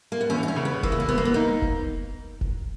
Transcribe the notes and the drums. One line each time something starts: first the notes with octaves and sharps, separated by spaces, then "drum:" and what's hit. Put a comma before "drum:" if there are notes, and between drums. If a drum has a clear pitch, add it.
A#3
B3
E2 C#4
D#4
C#4
C#3
B3
E3 A#3, drum: kick F1
B3
A#3
E2 B3
A#3
B3
A#3 D#4
drum: kick F1
drum: kick F1